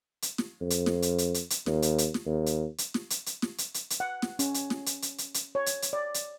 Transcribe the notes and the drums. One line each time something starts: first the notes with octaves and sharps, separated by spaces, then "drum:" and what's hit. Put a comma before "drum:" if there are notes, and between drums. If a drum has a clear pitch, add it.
drum: hi-hat
drum: snare
F2
drum: hi-hat
drum: snare
drum: hi-hat
drum: hi-hat
drum: hi-hat
drum: hi-hat
D#2, drum: snare
drum: hi-hat
drum: hi-hat
drum: snare
D#2
drum: hi-hat
drum: hi-hat
drum: snare
drum: hi-hat
drum: hi-hat
drum: snare
drum: hi-hat
drum: hi-hat
drum: hi-hat
F#5
drum: snare
C#4, drum: hi-hat
drum: hi-hat
drum: snare
drum: hi-hat
drum: hi-hat
drum: hi-hat
drum: hi-hat
C#5
drum: hi-hat
drum: hi-hat
D5
drum: hi-hat